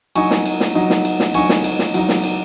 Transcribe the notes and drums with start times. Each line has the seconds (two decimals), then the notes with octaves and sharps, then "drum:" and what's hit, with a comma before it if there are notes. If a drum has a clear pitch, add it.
0.16 F#3 D#4 G#5 C#6, drum: cymbal
0.31 drum: snare
0.46 drum: cymbal
0.60 drum: snare
0.75 F#3 D#4
0.90 drum: snare
1.05 drum: cymbal
1.20 drum: snare
1.34 F#3 D#4 G#5 C#6, drum: cymbal
1.49 drum: snare
1.64 drum: cymbal
1.79 drum: snare
1.94 F#3 D#4, drum: cymbal
2.09 drum: snare
2.24 drum: cymbal